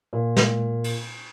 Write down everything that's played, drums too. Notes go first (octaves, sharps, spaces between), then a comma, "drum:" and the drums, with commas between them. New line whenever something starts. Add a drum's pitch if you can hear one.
A#2
drum: snare
drum: cymbal